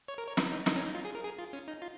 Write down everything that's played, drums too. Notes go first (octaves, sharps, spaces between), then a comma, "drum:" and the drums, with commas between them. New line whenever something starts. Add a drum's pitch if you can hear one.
C#5
A#4
C#5
B4, drum: snare
D#4
D#4, drum: snare
C#4
D#4
F4
G#4
A#4
G#4
F4
C#4
D#4
F4